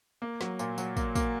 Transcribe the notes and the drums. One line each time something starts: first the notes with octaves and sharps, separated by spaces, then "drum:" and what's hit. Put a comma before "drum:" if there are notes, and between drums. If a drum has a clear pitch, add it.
A#3
F#3, drum: snare
A#2, drum: tambourine
F#3, drum: tambourine
A#3, drum: kick, tambourine
A#3, drum: kick, tambourine